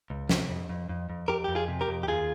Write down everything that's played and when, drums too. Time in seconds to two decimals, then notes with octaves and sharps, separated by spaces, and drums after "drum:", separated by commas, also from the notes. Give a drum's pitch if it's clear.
0.10 C#2
0.29 C3, drum: snare
0.49 F2
0.69 F2
0.89 F2
1.10 F2
1.28 F2 G4 A#4
1.44 F2 G4
1.55 F4 G#4
1.68 C3
1.81 G4 A#4
1.88 F2
2.03 G4
2.07 D#2 F4 G#4